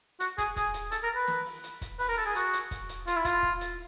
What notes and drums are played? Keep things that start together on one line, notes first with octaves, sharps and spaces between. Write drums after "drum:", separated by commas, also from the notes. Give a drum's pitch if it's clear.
F#4, drum: hi-hat
G#4, drum: kick, hi-hat
G#4, drum: kick, hi-hat
drum: hi-hat
A4, drum: hi-hat
A#4
B4
drum: snare
drum: open hi-hat
drum: hi-hat
drum: kick, hi-hat
B4, drum: open hi-hat
A#4
A4, drum: open hi-hat
G#4
F#4, drum: hi-hat
drum: hi-hat
drum: kick, hi-hat
drum: hi-hat
F4, drum: hi-hat
E4
F4, drum: kick, hi-hat
drum: kick
drum: hi-hat